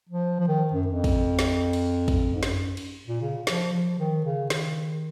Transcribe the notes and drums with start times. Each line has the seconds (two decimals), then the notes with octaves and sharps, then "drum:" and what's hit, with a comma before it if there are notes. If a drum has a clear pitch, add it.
0.09 F3
0.40 F3
0.48 D#3
0.73 F#2
0.87 F2
1.04 drum: kick, cymbal
1.39 drum: snare
1.73 drum: cymbal
2.08 drum: kick, cymbal
2.35 G#2
2.43 F#2, drum: snare
2.77 drum: cymbal
3.07 A#2
3.21 C#3
3.47 F3, drum: snare
3.72 F3
3.99 D#3
4.25 C#3
4.50 D#3, drum: snare